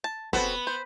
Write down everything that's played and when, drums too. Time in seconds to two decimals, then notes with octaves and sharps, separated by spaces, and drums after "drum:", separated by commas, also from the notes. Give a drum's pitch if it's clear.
0.04 A5
0.33 B3 C4 F#4 A4, drum: snare
0.67 C5